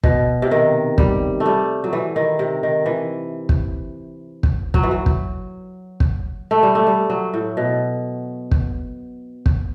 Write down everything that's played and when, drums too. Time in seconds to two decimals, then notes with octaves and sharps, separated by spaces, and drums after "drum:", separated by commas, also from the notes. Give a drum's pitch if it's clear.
0.04 B2, drum: kick
0.42 C3
0.51 D#3
0.98 G3, drum: kick
1.40 A3
1.46 G3
1.84 F#3
1.93 E3
2.16 D#3
2.39 C3
2.63 D#3
2.86 E3
3.49 drum: kick
4.43 drum: kick
4.74 F#3, drum: kick
4.83 E3
4.91 F#3
5.06 drum: kick
6.00 drum: kick
6.51 A3
6.63 G3
6.75 A3
6.87 G3
7.10 F#3
7.34 A2
7.57 B2
8.51 drum: kick
9.46 drum: kick